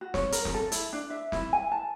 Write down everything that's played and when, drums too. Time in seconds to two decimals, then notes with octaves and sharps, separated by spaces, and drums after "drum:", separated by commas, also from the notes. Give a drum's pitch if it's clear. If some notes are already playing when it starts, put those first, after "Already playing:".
0.01 F#4
0.14 C#5, drum: snare
0.32 A#4, drum: hi-hat
0.45 drum: snare
0.54 A4
0.72 E4, drum: hi-hat
0.93 D4
1.10 E5
1.32 E4, drum: snare
1.53 G#5
1.72 A5